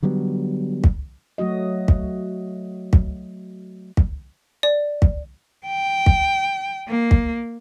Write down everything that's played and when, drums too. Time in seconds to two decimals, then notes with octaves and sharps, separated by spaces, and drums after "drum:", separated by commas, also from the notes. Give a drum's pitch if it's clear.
0.03 D3 F#3 G3 B3
0.84 drum: kick
1.38 F#3 A3 F#4 D#5
1.88 drum: kick
2.93 drum: kick
3.97 drum: kick
4.63 D5
5.02 drum: kick
5.67 G5
6.06 drum: kick
6.89 A#3
7.11 drum: kick